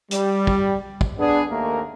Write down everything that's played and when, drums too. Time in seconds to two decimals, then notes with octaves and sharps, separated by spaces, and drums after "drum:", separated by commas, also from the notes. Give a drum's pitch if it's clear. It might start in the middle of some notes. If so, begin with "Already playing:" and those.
0.11 G3, drum: hi-hat
0.47 drum: kick
1.01 drum: kick
1.19 B3 D4 G#4
1.50 D#2 A3 A#3 A#4